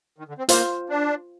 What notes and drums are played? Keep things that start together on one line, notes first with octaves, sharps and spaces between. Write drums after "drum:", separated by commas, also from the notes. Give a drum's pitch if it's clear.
D#3
D3
C4
A#3 F4 C5 F5, drum: hi-hat
D4